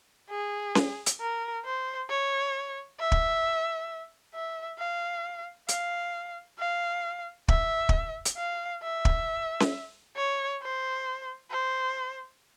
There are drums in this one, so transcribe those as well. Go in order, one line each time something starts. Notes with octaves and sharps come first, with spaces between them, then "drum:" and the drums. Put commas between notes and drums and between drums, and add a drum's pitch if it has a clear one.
G#4
drum: snare C#4
drum: hi-hat
A#4
C5
C#5
E5
drum: kick
E5
F5
F5, drum: hi-hat
F5
E5, drum: kick
drum: kick
drum: hi-hat
F5
E5
drum: kick
drum: snare C#4
C#5
C5
C5